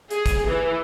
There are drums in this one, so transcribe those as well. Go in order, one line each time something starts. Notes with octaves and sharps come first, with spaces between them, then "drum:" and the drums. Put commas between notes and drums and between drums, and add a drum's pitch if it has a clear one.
G#4, drum: hi-hat
drum: kick, hi-hat
E3